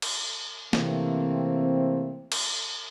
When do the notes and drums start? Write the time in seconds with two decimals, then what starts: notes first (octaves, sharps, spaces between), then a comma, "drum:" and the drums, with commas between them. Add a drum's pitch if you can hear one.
0.02 drum: cymbal
0.73 C3 E3 A3 A#3 C4, drum: snare
2.32 drum: cymbal